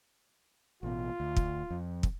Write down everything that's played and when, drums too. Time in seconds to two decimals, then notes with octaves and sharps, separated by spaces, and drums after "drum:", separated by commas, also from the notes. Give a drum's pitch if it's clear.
0.83 A1 B2 F4
1.20 D2
1.36 drum: kick
1.70 F2
2.03 drum: kick